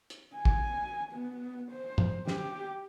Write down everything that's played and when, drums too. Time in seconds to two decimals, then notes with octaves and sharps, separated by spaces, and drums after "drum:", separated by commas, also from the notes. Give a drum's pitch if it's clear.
0.10 drum: hi-hat
0.36 G#5
0.45 drum: kick
1.12 B3
1.72 C5
1.98 drum: tom
2.27 G4, drum: snare